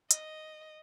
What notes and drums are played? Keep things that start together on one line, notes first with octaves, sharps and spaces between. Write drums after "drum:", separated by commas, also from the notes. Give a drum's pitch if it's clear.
D#5, drum: hi-hat